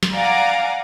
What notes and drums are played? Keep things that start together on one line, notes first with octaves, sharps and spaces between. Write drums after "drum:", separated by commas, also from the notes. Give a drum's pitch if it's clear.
drum: snare
D5 F5 F#5 G#5 A#5 D6